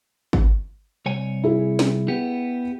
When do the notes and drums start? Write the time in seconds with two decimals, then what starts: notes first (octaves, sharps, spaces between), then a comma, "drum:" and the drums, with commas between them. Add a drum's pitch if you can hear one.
0.33 drum: kick
1.06 C2 C#5 G#5
1.44 E4 G#4
1.79 drum: snare C4
2.08 B3 G4